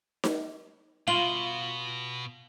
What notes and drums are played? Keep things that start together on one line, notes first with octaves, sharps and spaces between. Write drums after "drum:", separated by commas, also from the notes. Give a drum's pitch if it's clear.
drum: snare D#4
B2 F4 F#7 G7